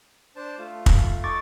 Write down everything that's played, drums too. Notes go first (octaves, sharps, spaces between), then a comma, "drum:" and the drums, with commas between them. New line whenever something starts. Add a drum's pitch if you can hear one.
D4 C5 A5
A3 F4
drum: kick
D#4 A4 C#6 D6 A6